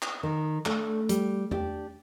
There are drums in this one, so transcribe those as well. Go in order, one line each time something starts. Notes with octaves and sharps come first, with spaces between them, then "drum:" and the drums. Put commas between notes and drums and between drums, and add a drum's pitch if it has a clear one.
drum: clap
D#3
A3 D4, drum: clap
G3, drum: hi-hat
D4 G4, drum: tom E2